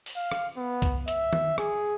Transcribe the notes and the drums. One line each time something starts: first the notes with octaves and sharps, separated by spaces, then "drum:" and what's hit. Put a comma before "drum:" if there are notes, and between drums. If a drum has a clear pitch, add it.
drum: open hi-hat
F5
drum: rim click
B3
drum: kick C2, hi-hat
E5, drum: hi-hat
drum: tom D#3
G#4, drum: rim click